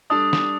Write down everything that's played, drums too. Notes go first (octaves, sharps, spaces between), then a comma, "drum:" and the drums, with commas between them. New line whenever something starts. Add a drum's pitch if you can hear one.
G3 D4 A4 D5 D#6
drum: snare